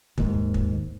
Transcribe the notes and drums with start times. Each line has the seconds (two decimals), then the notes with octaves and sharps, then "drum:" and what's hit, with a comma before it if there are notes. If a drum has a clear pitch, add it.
0.18 D#2 G#2, drum: kick
0.54 drum: kick